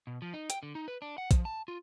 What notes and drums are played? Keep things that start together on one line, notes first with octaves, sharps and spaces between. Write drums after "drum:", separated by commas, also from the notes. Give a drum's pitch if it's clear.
B2
F3
D#4
G5, drum: hi-hat
D3
D#4
B4
D4
F#5
F3, drum: kick A#1, hi-hat
A5
F4